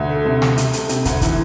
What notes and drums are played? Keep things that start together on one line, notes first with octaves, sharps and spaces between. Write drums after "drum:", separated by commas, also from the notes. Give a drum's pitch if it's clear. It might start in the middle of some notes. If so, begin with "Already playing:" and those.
Already playing: D2
A3
C3
C3, drum: snare
C3, drum: hi-hat
A3, drum: hi-hat
C3, drum: hi-hat
D2, drum: kick, hi-hat
E3, drum: kick, hi-hat